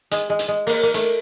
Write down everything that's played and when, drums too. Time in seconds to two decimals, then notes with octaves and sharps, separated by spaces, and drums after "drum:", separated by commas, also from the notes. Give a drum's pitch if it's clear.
0.11 G#3, drum: hi-hat
0.30 G#3
0.39 drum: hi-hat
0.48 G#3
0.67 A#3, drum: open hi-hat
0.83 A#3
0.94 A3, drum: hi-hat